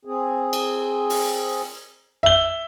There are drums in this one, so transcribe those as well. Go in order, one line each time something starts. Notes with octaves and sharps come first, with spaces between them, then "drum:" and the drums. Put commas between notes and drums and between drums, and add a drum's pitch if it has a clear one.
C4 G#4
drum: cymbal
drum: open hi-hat
E5 G7